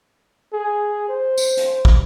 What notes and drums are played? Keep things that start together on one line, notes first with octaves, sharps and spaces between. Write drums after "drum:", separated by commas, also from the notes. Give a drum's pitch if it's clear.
G#4
C5
drum: tambourine
drum: hi-hat
drum: kick